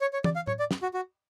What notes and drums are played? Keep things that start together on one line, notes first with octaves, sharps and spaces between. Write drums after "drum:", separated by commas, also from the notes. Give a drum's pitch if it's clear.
C#5
C#5
D5, drum: tom
F5
C#5, drum: tom A2
D5
drum: snare
F#4
F#4